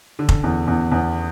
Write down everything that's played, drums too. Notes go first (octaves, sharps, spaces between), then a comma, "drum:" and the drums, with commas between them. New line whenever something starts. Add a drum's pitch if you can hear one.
D3
drum: kick F1
E2
E2
E2